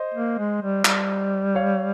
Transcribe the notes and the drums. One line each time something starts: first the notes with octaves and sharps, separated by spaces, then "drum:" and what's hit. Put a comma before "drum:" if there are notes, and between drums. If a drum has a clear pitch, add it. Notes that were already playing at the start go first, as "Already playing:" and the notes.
Already playing: C5 D#5
A#3
G#3
G3
G3, drum: clap
C#5 F5